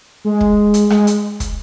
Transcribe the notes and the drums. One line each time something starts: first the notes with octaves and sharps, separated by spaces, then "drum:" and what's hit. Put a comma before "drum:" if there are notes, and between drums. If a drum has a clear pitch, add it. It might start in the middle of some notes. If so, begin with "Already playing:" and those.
G#3
drum: kick
drum: hi-hat
G#3, drum: rim click
drum: hi-hat
drum: kick, hi-hat